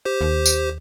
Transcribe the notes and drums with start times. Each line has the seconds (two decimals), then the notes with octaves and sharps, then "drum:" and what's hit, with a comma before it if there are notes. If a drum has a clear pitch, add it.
0.05 G4 C5
0.21 D#2
0.46 drum: tambourine